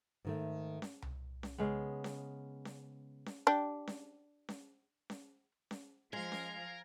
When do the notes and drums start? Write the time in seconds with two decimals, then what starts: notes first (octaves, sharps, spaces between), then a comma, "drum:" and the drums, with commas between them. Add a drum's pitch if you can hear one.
0.25 G#2 D#3 A3
0.82 drum: snare C#4
1.02 drum: tom C2
1.43 drum: snare C#4
1.58 C#3 G#3 B3
2.04 drum: snare C#4
2.65 drum: snare C#4
3.26 drum: snare C#4
3.47 D4 G4
3.87 drum: snare C#4
4.49 drum: snare C#4
5.10 drum: snare C#4
5.71 drum: snare C#4
6.13 F3 G#3 A#4 F5 G#6 A#6
6.32 drum: snare C#4